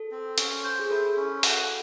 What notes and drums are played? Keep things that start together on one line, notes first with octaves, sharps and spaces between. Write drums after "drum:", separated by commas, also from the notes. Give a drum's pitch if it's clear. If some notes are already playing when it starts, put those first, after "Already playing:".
Already playing: A4
C4
C#4, drum: hi-hat
C5
G#4
E4 A4
C#4
F#4 A4, drum: open hi-hat